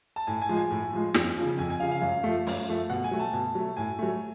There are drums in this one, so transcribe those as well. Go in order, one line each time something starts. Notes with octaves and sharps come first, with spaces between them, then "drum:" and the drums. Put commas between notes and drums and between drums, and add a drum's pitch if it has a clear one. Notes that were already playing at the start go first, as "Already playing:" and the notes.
A5
A2 G#5
G#5
F3 G#3
G#5
A2
F3 G#3
F2, drum: snare
C#3 F3
F2 G#5
G#5
C#3 F3 F5
F5
F#2
F3 A3
F#2, drum: open hi-hat
F3 A3
B2 F#5
G#5
F#3 A3
A5
B2
F#3 A3
A2 G#5
F#3 A3